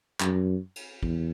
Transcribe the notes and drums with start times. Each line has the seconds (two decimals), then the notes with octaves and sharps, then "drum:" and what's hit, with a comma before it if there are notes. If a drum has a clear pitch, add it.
0.20 F#2, drum: clap
0.76 drum: cymbal
1.03 E2, drum: kick